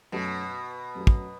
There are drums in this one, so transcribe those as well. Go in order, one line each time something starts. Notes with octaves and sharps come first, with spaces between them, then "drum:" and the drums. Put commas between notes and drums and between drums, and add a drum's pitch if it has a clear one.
F#2 B2 F#3 A3 C#4 F#4
F#2 F#3 A3 C#4 F#4
drum: kick